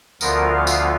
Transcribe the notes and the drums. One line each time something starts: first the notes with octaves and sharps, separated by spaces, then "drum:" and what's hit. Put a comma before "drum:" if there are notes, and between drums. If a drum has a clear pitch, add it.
D2 D3 F3 B3 F4 A#4, drum: tambourine
F5
drum: tambourine